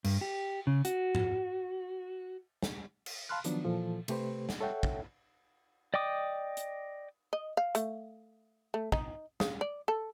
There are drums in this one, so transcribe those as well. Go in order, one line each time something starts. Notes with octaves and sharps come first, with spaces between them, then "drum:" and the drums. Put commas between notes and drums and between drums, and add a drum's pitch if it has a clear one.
G2, drum: cymbal
G4
C#3
F#4, drum: hi-hat
drum: tom G#2
drum: snare
drum: cymbal
F5 A5 B5 C6 F6 F#6
D#3 F3 F#3 B3 D4, drum: hi-hat
A#2 E3 F3 A4
C3 A3 G4 B4 C5, drum: cymbal
drum: snare
A4 C#5 E5 F#5 G5
drum: kick
D5 D#5 G5 D6 D#6
drum: hi-hat
D#5
F5
A3, drum: hi-hat
A3
D#4, drum: kick
C#3, drum: snare
D5
A4